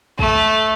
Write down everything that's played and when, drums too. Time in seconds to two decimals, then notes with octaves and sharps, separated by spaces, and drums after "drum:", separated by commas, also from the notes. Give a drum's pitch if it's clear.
0.19 A3, drum: kick